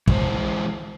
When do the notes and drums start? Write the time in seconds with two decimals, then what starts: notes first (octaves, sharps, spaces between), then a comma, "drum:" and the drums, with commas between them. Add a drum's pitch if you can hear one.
0.07 E3 G#3 C5, drum: kick